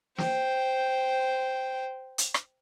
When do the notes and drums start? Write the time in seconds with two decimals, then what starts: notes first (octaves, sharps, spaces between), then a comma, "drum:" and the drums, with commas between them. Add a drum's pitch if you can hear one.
0.18 C5 G5, drum: snare
2.18 drum: hi-hat
2.34 drum: rim click